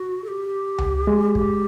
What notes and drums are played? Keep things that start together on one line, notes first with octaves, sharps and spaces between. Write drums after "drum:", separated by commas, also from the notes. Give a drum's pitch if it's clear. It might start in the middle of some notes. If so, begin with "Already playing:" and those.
Already playing: F#4
A4
G4
drum: tom C#2
G#3
G4, drum: kick